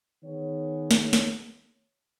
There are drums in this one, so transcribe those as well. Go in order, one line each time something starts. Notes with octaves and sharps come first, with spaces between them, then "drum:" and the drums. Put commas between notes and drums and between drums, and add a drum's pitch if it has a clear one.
D#3 B3 G#4 C#5
drum: snare
drum: snare